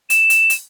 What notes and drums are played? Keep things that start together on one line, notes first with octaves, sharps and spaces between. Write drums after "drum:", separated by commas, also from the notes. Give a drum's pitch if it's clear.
E7, drum: hi-hat
drum: hi-hat
drum: hi-hat